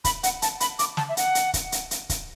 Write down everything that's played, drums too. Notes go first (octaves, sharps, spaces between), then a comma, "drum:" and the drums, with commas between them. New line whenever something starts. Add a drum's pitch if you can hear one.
B5, drum: kick, hi-hat
F#5, drum: hi-hat
A5, drum: hi-hat
B5, drum: hi-hat
D6, drum: hi-hat
A5, drum: snare
E5
F#5, drum: hi-hat
drum: hi-hat
drum: kick, hi-hat
drum: hi-hat
drum: hi-hat
drum: kick, hi-hat